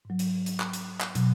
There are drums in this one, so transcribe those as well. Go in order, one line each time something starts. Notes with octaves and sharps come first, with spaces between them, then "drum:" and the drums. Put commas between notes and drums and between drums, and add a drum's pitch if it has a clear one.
G#2 F#3
drum: hi-hat
drum: hi-hat
drum: clap
drum: hi-hat
drum: clap
B2 F#3, drum: hi-hat